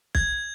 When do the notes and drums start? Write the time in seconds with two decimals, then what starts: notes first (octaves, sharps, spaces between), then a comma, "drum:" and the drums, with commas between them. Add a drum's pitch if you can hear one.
0.15 G#6, drum: kick B1